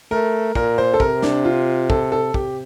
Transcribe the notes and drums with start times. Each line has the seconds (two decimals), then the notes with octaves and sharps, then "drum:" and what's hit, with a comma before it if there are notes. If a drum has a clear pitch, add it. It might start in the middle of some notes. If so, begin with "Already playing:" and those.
0.11 A3 A#4
0.55 A#2 A#4, drum: kick
0.78 C5
0.94 A4
1.00 C3 A#4, drum: kick
1.22 D4, drum: snare
1.45 F4
1.90 A4, drum: kick
2.12 A4
2.34 C3 G4, drum: kick